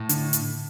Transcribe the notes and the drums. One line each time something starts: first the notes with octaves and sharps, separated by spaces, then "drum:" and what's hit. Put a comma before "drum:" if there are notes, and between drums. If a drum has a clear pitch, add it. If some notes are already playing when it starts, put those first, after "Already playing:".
Already playing: A2
D3, drum: hi-hat
drum: hi-hat